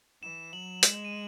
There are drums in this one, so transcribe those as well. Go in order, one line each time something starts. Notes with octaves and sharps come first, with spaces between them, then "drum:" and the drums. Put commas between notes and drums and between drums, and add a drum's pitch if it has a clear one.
E3 E7
F#3 F#7
G#3, drum: hi-hat
D#7